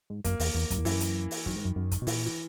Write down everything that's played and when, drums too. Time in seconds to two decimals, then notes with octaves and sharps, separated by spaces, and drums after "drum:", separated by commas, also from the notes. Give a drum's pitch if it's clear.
0.10 G#2
0.24 F#2 A#3, drum: kick, hi-hat
0.40 E2, drum: open hi-hat
0.55 E2
0.70 F#2, drum: kick, hi-hat
0.78 E2
0.85 F#2 E3, drum: open hi-hat
1.00 drum: hi-hat
1.31 drum: open hi-hat
1.46 F#2 D#3, drum: kick
1.56 G#2
1.65 F#2
1.76 F#2
1.91 drum: kick, hi-hat
2.02 B2
2.07 A#2 E3, drum: open hi-hat
2.26 E3